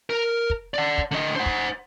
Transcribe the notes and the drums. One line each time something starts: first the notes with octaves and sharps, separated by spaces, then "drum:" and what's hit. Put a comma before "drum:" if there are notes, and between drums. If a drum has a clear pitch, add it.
A#4
drum: kick
D5 F#5
drum: kick
D3 D#5
C5 F#5
drum: kick